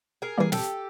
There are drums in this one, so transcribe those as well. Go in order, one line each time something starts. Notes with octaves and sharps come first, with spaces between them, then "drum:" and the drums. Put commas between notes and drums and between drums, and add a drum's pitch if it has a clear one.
G#4 A#4
E3 G3 A#3 G#4
G4 A4, drum: snare